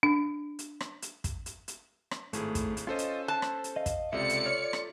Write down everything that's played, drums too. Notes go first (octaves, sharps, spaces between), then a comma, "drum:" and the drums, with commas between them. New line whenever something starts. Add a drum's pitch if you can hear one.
D4
drum: hi-hat
drum: rim click
drum: hi-hat
drum: kick, hi-hat
drum: hi-hat
drum: hi-hat
drum: rim click
G#1 A2 A3 G#4, drum: hi-hat
drum: kick, hi-hat
drum: hi-hat
C#4 F4 A4 C5 D#5
drum: hi-hat
A5 F#6
drum: rim click
drum: hi-hat
D#5 F5
drum: kick, hi-hat
C#2 C3 F4 A4 D5 E5 C#7
drum: hi-hat
C#5 F6
drum: rim click